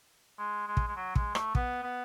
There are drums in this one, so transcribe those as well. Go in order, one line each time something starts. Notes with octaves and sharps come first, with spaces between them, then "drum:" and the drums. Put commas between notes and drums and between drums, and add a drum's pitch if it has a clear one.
G#3
G#3
drum: kick
G#3
F#3
G#3, drum: kick
A3, drum: rim click
B3, drum: kick
B3